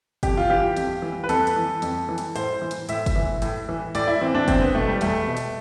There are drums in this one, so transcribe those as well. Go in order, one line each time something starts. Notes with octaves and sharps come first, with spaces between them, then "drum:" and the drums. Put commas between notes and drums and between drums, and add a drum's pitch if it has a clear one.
F2 G4, drum: kick G1, hi-hat
F4
E3 G4
F2, drum: hi-hat
E3
B4
F2 A4, drum: hi-hat
drum: hi-hat
E3
F2, drum: hi-hat
E3
drum: hi-hat
A2 C5, drum: hi-hat
E3
drum: hi-hat
A2 E5, drum: hi-hat
drum: kick G1, hi-hat
E3
A2, drum: hi-hat
E3
A2 D5, drum: hi-hat
E4
E3 C4
D4
E2 C4, drum: kick G1, hi-hat
B3
B2 A3
G3
E2 A3, drum: hi-hat
B2
drum: hi-hat